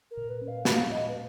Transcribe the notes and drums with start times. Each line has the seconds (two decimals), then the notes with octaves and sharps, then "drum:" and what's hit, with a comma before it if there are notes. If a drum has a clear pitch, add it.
0.11 A#4
0.17 A#2
0.29 B4
0.41 C#4
0.48 F5
0.65 G#3 F5, drum: snare
0.90 A#2 D#5
1.08 B4